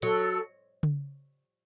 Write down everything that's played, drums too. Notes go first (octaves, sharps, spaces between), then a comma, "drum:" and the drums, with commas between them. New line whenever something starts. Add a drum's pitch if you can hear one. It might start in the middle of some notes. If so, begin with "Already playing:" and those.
F#3 A4, drum: hi-hat
drum: tom C#3